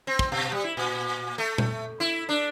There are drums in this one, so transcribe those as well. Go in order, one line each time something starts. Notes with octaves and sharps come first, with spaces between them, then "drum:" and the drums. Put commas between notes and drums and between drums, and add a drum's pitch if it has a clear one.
C4
drum: kick
B2
G3
E4
A#2
A3
drum: tom A#2
E4
D4